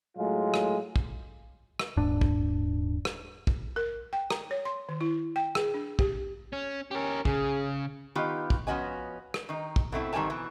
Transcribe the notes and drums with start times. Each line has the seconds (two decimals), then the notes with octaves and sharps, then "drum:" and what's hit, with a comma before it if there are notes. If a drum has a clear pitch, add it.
0.16 A2 F#3 G#3 F4
0.54 drum: rim click
0.96 drum: kick
1.79 drum: rim click
1.97 D#1 G#2 D4
2.21 drum: kick
3.05 drum: rim click
3.47 drum: kick
3.76 A#4
4.13 G5
4.30 A#5, drum: rim click
4.51 C#5
4.65 C6
4.89 D#3
5.01 E4
5.36 G5
5.55 G#4, drum: rim click
5.74 D4
5.99 G4, drum: kick
6.53 C#4
6.91 C#4 G4 A#4
7.25 C#3 G#4, drum: kick
8.15 D#3 B3 D#4 F4 G4
8.50 drum: kick
8.67 F3 B3 C#4 F#4 D#5 G#5
9.34 drum: rim click
9.49 D#3 D#4
9.76 drum: kick
9.92 B2 A3 C4 E4
10.13 G#2 D#3 G3 C4 G#5 A5
10.30 B2 E3